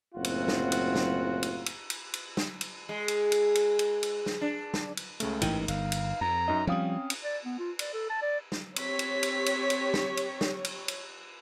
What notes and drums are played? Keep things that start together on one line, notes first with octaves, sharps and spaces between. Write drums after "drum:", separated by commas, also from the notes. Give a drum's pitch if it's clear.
F#1 A2 C4 F4 F#4 F#5
drum: cymbal
drum: snare
drum: cymbal
drum: snare
drum: cymbal
drum: cymbal
drum: cymbal
drum: cymbal
drum: snare
drum: cymbal
G#3
drum: cymbal
drum: cymbal
drum: cymbal
drum: cymbal
drum: cymbal
drum: snare
D4
drum: snare
drum: cymbal
C#2 C#3 A3, drum: cymbal
A1 G#2 E3 D#4 A#4 G5, drum: cymbal
G1 F5, drum: cymbal
drum: cymbal
F2 A#5
F#2 D#4 D#5
F3 G3 C4 C#4 F5 D#6
drum: cymbal
D5
B3
F4
D5, drum: cymbal
A4
A5
D5
drum: snare
C4 G4 C#5 B6, drum: cymbal
drum: cymbal
drum: cymbal
drum: cymbal
drum: cymbal
drum: snare
drum: cymbal
drum: snare
drum: cymbal
drum: cymbal